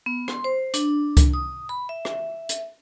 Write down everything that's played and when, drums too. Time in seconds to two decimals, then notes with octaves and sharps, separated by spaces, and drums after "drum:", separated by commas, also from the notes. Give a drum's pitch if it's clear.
0.06 B3
0.28 C6, drum: rim click
0.44 C5
0.74 D4, drum: hi-hat
1.17 drum: kick C#2, hi-hat
1.34 D#6
1.69 B5
1.89 E5
2.05 drum: rim click
2.49 drum: hi-hat